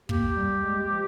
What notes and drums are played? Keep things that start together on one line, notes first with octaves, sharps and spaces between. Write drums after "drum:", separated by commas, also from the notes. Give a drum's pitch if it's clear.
A#3 G4, drum: kick
G3
G#3
F3